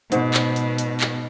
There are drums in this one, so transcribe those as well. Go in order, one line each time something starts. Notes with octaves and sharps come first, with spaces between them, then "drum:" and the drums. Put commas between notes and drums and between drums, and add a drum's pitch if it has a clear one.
G#2 B2, drum: hi-hat
drum: clap
drum: hi-hat
drum: hi-hat
drum: clap